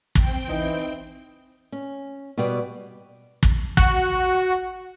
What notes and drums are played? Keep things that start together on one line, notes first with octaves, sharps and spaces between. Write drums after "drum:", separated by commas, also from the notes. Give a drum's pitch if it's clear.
C4 G5, drum: kick
E3 D#4
C#4
B2 G3 B4 D5
drum: kick
F#4, drum: kick